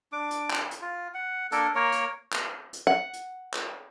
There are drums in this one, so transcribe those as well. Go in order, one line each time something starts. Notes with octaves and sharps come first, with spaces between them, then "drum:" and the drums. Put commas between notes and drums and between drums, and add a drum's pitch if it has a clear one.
D4 D6
drum: hi-hat
drum: clap
drum: hi-hat
F4
F#5
A#3 D4 A4 A#4, drum: hi-hat
A#3 A#4 C#5
drum: hi-hat
drum: clap
drum: hi-hat
F#5
drum: hi-hat
drum: clap